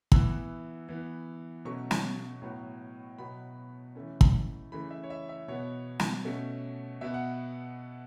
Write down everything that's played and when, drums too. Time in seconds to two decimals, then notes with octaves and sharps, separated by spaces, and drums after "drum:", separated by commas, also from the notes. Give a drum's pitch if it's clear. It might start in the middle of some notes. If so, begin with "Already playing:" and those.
0.12 E3 B3 E6, drum: kick
0.89 E3 B3
1.65 B2 F#3 A3 C#4 C#6
1.91 drum: snare
2.42 A2 F#3 B3
3.18 B2 F#3 B3 B5
3.95 E3 A3 C#4
4.21 drum: kick
4.72 C#3 E3 A3 B5
4.91 E5
5.03 C#5
5.10 E5
5.29 E5
5.48 B2 B3 C#5
6.00 drum: snare
6.25 B2 A3 C#4
7.01 B2 B3 E5
7.14 F#5